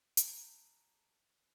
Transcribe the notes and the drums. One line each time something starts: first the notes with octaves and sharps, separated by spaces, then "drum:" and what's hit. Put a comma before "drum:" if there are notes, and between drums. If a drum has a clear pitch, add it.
A5 A#5 D#6 F#6 G6, drum: hi-hat